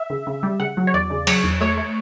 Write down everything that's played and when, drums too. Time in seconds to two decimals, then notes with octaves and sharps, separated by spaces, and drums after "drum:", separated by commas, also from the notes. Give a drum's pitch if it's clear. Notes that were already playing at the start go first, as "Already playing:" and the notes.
Already playing: E5
0.10 C#3
0.27 C#3
0.43 G3
0.60 C#3 F#5
0.77 F#3
0.87 C#5
0.94 E2 D5
1.10 C#3
1.27 F#3 C#5, drum: cymbal
1.44 E2
1.60 A3 C#5
1.77 A3